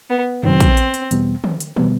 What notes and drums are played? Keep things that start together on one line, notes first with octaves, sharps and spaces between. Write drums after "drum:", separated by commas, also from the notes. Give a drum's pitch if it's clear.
B3
C3 D#3 F#3 C4, drum: tom
drum: kick, hi-hat
drum: hi-hat
drum: hi-hat
E2 B2 G3 B3, drum: hi-hat
drum: tom
drum: hi-hat
B2 G3 B3, drum: tom